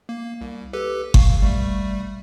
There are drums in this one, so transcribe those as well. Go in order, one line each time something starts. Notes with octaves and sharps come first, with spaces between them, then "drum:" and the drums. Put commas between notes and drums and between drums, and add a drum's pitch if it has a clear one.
A#3
C2
G4 A4 B4
F5 C#6, drum: kick G1
G3 A3